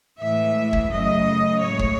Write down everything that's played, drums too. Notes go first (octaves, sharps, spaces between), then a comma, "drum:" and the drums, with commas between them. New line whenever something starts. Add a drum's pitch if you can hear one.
A2 E3 G#3 E5
drum: kick
F#2 C#3 F#3 A3 D#5
A2 G#3 C#5
drum: kick